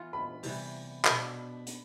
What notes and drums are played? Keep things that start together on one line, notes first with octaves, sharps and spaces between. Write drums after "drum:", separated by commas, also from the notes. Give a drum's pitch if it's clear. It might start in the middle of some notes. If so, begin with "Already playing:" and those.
Already playing: E3 B3 F4
B5
C3 E3 G3 B3, drum: open hi-hat
B2 B3 D4 G4 B5, drum: clap
drum: hi-hat